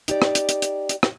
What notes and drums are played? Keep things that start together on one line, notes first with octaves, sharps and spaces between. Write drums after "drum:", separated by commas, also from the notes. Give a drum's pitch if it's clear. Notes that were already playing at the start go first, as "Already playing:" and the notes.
D#4 G4 D5, drum: hi-hat
drum: rim click
drum: hi-hat
drum: hi-hat
drum: hi-hat
drum: hi-hat
drum: rim click